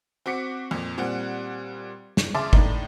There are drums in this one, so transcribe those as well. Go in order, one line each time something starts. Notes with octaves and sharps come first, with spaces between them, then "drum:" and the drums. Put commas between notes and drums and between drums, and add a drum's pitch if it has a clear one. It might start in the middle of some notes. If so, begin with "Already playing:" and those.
C4 F#4 D6 B6 C#7
F2 A#2
A#2 G3 C4 F#5
drum: snare
C#3 E5 A5 C6 D6 A6
A2 D4 D#4, drum: kick G1